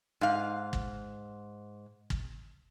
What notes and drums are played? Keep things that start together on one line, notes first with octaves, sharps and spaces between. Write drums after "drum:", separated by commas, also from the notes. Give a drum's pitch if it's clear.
G#2 F5
drum: kick
drum: kick